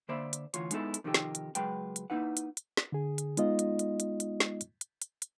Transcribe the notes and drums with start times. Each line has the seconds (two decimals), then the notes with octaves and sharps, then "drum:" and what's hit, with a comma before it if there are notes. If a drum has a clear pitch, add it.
0.09 D3 A#3 C5 D5 E5 B5
0.33 drum: hi-hat
0.54 D2 E3 F4 C#5, drum: hi-hat
0.71 G#3 B3 D#4 E4 G4 A4, drum: hi-hat
0.94 drum: hi-hat
1.04 C3 D#3 F3 D#4 G4 A4
1.14 drum: snare
1.35 drum: hi-hat
1.55 C#2 F#3 G#3 B4 G5, drum: hi-hat
1.96 drum: hi-hat
2.10 A#3 D#4 E4 B4 F#5
2.37 drum: hi-hat
2.57 drum: hi-hat
2.77 drum: snare
2.92 D3 G#4
3.18 drum: hi-hat
3.37 G#3 B3 D#4 F4 D#5, drum: hi-hat
3.59 drum: hi-hat
3.79 drum: hi-hat
4.00 drum: hi-hat
4.20 drum: hi-hat
4.40 drum: snare
4.61 drum: hi-hat
4.81 drum: hi-hat
5.02 drum: hi-hat
5.22 drum: hi-hat